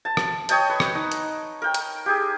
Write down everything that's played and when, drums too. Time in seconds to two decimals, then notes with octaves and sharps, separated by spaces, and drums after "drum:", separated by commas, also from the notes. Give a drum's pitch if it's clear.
0.05 A5
0.17 drum: rim click
0.49 C#5 D#5 G5 A5, drum: hi-hat
0.69 B4
0.80 drum: rim click
0.95 D#4
1.12 drum: hi-hat
1.62 A#4 G5
1.74 drum: hi-hat
2.06 G4 G#4